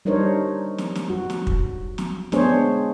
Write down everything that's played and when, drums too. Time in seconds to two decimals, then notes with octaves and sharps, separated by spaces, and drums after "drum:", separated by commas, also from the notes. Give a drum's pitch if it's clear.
0.05 G3 D4 D#4 A#4 C5 C#5
0.78 drum: snare
0.95 drum: snare
1.10 F#4
1.30 drum: snare
1.47 drum: kick
1.98 drum: snare
2.32 G#3 B3 D4 G#4 C5 C#5, drum: snare